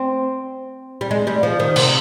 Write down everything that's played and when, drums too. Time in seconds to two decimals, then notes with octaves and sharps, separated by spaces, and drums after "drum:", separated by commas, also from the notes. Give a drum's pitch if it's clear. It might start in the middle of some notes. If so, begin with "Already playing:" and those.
Already playing: C4
1.01 G3
1.11 G#3
1.27 G3
1.43 F3
1.60 D#3
1.76 C3, drum: cymbal